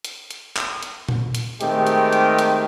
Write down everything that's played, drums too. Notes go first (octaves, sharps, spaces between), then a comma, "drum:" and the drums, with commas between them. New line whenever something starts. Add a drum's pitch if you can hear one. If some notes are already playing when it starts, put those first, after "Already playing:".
drum: hi-hat
drum: hi-hat
drum: clap
drum: hi-hat
drum: tom A#2
drum: hi-hat
D#3 G#3 A3 C4 G4, drum: hi-hat
drum: hi-hat
drum: hi-hat
drum: hi-hat